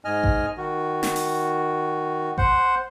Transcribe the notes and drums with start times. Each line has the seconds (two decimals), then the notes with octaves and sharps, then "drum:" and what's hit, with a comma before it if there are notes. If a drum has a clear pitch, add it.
0.05 G#2 D#5 G#5 F6
0.24 drum: kick A1
0.58 D#3 F#4
1.03 drum: snare
1.16 drum: open hi-hat
2.38 C5 F#5, drum: kick A1